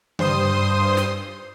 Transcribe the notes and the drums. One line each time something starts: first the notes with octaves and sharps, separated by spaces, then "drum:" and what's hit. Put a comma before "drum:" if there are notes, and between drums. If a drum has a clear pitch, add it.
G2 C5 C6 D#6, drum: tom C#3
drum: snare